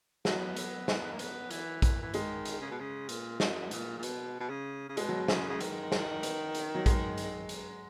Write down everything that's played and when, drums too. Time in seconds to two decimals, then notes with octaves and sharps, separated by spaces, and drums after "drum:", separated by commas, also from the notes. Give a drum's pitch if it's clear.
0.25 F#3 B3, drum: snare
0.57 drum: hi-hat
0.88 drum: snare
1.12 A#3
1.19 B3, drum: hi-hat
1.51 E3, drum: hi-hat
1.82 E3, drum: kick A#1, hi-hat
2.02 E3
2.14 D#3 G#3, drum: hi-hat
2.45 drum: hi-hat
2.61 C#3
2.71 B2
2.80 C#3
3.09 A#2, drum: hi-hat
3.40 F#2, drum: snare
3.71 A#2, drum: hi-hat
3.98 A#2
4.03 B2, drum: hi-hat
4.40 B2
4.50 C#3
4.89 C#3
4.97 B2 G#3, drum: hi-hat
5.09 F#3
5.28 C#3 F#3, drum: snare
5.50 C#3
5.61 D#3, drum: hi-hat
5.92 drum: snare
6.23 drum: hi-hat
6.55 drum: hi-hat
6.75 F#3
6.86 G#3, drum: kick A#1, hi-hat
7.18 drum: hi-hat
7.49 drum: hi-hat